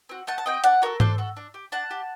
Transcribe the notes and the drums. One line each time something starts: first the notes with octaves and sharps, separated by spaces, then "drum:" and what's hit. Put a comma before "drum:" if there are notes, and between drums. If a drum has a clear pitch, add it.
C4 F#4
A3 F#5 A5
A5
C4 F#4 D#5 G5
D4 D5 F#5, drum: hi-hat
F#4 A4 A#4 D5
D4 A4 C5, drum: tom G#2
F#4 A4
D4
G4
D4 F#5 A5
G4